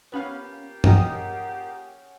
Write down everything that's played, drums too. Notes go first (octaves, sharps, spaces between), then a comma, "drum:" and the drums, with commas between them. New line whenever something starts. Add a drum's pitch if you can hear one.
F3 A#3 B3 C#4 G4 B4 F5 B5
C#4 G#4 A#4 D#5 F#5 G5 A#5 D#6, drum: tom